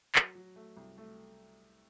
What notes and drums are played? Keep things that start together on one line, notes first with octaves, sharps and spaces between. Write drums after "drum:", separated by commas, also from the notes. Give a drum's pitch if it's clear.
F#3, drum: clap
F#3
A3
C2
A3